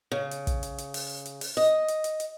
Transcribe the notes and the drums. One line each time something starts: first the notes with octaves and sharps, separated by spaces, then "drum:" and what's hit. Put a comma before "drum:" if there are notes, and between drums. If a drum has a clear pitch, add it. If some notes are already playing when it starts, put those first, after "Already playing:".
C#3
drum: hi-hat
drum: kick, hi-hat
drum: hi-hat
drum: hi-hat
drum: open hi-hat
drum: hi-hat
drum: open hi-hat
D#5
drum: hi-hat
drum: hi-hat
drum: hi-hat